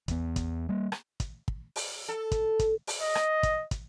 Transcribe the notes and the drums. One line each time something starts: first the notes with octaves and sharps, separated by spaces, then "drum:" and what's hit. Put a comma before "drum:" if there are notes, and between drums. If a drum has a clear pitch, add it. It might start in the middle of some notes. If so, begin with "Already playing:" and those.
E2 B3, drum: kick, hi-hat
drum: kick, hi-hat
G3 A#3
drum: rim click
drum: kick, hi-hat
drum: kick
drum: open hi-hat
A4
drum: kick, hi-hat
drum: kick, hi-hat
drum: open hi-hat
D#5
drum: rim click
drum: kick, hi-hat
drum: kick, hi-hat